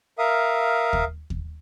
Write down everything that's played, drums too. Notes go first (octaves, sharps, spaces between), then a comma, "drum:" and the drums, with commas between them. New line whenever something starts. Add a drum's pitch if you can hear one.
A#4 E5 F5 D#6
drum: kick D#2
drum: kick D#2